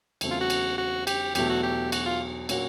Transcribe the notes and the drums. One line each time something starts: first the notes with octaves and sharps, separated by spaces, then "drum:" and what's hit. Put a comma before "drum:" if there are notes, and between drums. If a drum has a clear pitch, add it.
E2 C#3 F#3 A3 C4, drum: cymbal
F4
F#4
drum: cymbal
F#4
G4, drum: cymbal
E2 B2 F#3 A3 G4, drum: cymbal
F#4
G4
F#4, drum: cymbal
F4
A#2 F#3 A#3 C#4 F#4, drum: cymbal